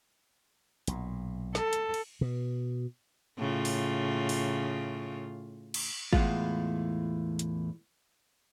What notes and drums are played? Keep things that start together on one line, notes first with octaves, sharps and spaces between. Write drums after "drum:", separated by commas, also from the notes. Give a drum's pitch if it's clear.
B1 A#2, drum: hi-hat
A4, drum: snare
drum: hi-hat
drum: cymbal
B2
A2 C#3 F4
drum: open hi-hat
drum: open hi-hat
drum: cymbal
E2 A2 G#3 F4, drum: kick G#1
drum: hi-hat